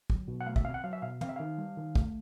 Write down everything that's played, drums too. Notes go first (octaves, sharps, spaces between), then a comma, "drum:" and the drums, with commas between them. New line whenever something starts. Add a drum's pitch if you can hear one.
F#3, drum: kick
B2
F#5
A3 F5
E5, drum: kick
C4 F5
F#5
F#3 F5
E5
B2 F5
C4 F5, drum: tom
E5
D#3 F5
G3
D#3
A3, drum: kick